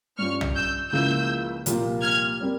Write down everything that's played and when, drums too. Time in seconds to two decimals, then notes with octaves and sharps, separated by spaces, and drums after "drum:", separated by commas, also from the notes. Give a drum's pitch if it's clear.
0.18 G2 G3 C#4 F4 C#6 F6
0.41 drum: tom B1
0.55 E6 G6
0.92 C#2 C#3 F3 A#3 E4 E6 G6
1.66 C2 A#2 F3 A#3 F4, drum: hi-hat
2.02 F6 G#6
2.40 G3 C4 G4 A#4